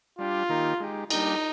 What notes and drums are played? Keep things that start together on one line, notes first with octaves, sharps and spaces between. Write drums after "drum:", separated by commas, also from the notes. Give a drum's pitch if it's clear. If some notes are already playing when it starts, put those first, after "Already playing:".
G3 D4 F4 G4
D#3 A#3 D#4 G4
G#3 D#4 G4
G3 A#3 D4 D#4 G4, drum: cymbal